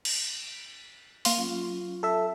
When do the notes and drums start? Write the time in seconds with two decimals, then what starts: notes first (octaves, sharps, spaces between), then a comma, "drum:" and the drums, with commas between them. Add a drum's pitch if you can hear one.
0.05 drum: cymbal
1.25 A#3 F5 C6, drum: open hi-hat
1.37 F#3 C#4 F4
2.03 A4 E5